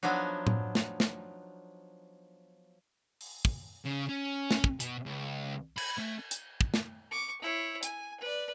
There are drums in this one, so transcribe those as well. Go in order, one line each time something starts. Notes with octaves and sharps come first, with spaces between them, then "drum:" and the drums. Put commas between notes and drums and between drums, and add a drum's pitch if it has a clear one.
F3 F#3 B3 D4 D#4
drum: tom A2
drum: snare
drum: snare
drum: open hi-hat
drum: kick
C#3
C#4
drum: snare
drum: kick
B2, drum: hi-hat
C#2
B5, drum: cymbal
A3
drum: hi-hat
drum: kick
drum: snare
C#6 D6
E4 C#5
G#5, drum: hi-hat
B4 D5